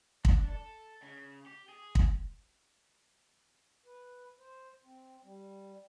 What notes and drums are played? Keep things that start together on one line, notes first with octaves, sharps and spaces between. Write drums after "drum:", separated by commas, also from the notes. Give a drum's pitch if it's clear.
D4 D5, drum: kick
A4
C#3
G4
G#4
drum: kick
B4
C5
C4
G3